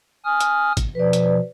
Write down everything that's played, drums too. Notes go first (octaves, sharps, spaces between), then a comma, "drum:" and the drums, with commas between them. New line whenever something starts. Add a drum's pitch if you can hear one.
G#5 D#6 F6
drum: hi-hat
drum: kick, hi-hat
B2 F3 B4 D5
drum: hi-hat